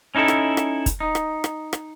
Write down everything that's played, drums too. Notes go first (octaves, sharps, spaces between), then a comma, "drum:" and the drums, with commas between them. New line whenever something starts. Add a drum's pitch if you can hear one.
C#4 D#4 E4 F#4 A4
drum: rim click
drum: rim click
drum: kick, hi-hat
D#4
drum: rim click
drum: rim click
drum: rim click